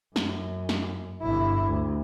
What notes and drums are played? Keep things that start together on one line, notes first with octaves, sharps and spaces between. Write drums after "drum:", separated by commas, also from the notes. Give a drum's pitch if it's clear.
F#2, drum: snare
drum: snare
G1 E4
D2